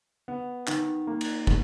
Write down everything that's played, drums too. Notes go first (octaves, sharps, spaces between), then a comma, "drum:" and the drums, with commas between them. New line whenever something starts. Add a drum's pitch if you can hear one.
B3
D#3, drum: clap
A#3
drum: cymbal
B2, drum: kick